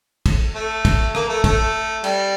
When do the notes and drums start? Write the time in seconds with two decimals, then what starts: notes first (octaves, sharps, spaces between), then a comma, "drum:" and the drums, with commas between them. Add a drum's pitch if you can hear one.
0.26 drum: kick, cymbal
0.55 A3
0.85 drum: kick, cymbal
1.15 A#3, drum: rim click
1.29 A3
1.44 A3, drum: kick, cymbal
2.04 G3, drum: cymbal